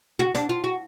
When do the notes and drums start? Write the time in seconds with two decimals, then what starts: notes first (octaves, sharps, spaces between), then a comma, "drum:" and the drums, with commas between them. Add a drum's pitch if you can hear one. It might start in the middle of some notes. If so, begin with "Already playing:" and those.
0.19 F#4, drum: tom
0.35 D4, drum: snare
0.49 F4
0.64 F#4